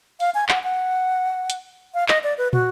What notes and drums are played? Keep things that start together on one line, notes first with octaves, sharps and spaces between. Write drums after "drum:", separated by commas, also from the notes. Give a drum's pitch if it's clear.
F5, drum: open hi-hat
G#5
F#5, drum: clap
F#5
drum: hi-hat
F5
D#5, drum: clap
D5
B4
F#4, drum: tom